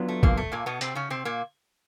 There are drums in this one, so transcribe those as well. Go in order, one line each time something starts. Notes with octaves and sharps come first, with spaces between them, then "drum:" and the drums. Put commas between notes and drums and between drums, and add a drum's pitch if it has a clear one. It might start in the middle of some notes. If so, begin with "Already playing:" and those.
Already playing: F#3 B3 D4 F4
A3
A#2 A#3, drum: kick
A3
A#2 A#3
B2 B3
C3 C4, drum: hi-hat
C#3 C#4
C3 C4
A#2 A#3